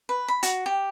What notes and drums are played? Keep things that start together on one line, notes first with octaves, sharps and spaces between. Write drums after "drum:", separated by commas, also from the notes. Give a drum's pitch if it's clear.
B4
B5
F#4, drum: hi-hat
G4